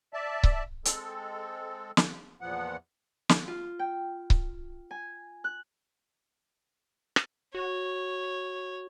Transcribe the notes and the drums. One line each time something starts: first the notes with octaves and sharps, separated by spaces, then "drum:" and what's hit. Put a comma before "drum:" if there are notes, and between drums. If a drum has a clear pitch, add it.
D5 E5 A5
drum: kick C#1
G#3 C4 A4, drum: hi-hat
drum: snare
E2 A#2 F3 B3 F#5
drum: snare
F4
G5
drum: kick C#1
G#5
F#6
drum: rim click
F#4 C#5